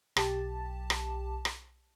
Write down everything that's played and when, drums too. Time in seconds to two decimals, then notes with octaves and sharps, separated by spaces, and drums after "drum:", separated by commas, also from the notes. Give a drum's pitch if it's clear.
0.16 B1 G4 A5, drum: rim click
0.90 drum: rim click
1.45 drum: rim click